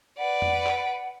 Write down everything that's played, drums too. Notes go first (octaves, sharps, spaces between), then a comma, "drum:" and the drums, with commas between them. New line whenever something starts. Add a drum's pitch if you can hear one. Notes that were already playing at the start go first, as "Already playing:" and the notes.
B4 D5 F#5
drum: tom F2
drum: clap